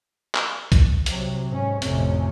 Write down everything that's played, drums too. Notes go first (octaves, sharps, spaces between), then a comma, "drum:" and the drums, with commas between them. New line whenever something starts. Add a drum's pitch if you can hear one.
drum: clap
drum: kick B1, hi-hat
C3 F#3, drum: hi-hat
G#2 C#4
A1 F2 C3 A3 C#4, drum: hi-hat